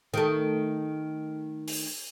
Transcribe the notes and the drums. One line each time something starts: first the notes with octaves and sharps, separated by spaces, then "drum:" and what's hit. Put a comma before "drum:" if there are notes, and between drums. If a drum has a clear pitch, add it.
D#3 A3
drum: open hi-hat